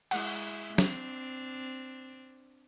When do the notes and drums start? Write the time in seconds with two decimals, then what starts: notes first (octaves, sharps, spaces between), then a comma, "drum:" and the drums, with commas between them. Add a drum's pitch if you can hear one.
0.11 G#3 E4 F#5, drum: cymbal
0.78 C4 D4, drum: snare